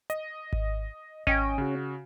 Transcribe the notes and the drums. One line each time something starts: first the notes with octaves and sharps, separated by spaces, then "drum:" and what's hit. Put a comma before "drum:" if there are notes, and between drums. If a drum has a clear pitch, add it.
D#5, drum: hi-hat
drum: kick G#1
C#4 D#5 G5 D7, drum: kick G#1
C#3 F#4